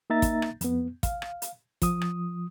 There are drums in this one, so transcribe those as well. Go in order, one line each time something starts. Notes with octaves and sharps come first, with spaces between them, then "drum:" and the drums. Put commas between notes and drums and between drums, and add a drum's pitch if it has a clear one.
A#3 D#4 E5 A#5 A6
drum: kick, hi-hat
drum: rim click
F2 B3, drum: hi-hat
F5, drum: kick, hi-hat
drum: rim click
drum: hi-hat
F3 D#6, drum: kick, hi-hat
drum: rim click